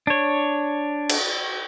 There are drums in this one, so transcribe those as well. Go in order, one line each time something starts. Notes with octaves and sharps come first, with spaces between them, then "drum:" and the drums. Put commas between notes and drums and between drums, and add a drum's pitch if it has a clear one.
D4 C#5
drum: cymbal